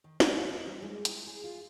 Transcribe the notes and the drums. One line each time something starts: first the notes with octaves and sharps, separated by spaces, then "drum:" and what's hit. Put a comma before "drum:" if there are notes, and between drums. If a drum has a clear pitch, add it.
D#3
F#4, drum: snare
A#3
D#5
G3
G#3
E4, drum: hi-hat
G#4
F4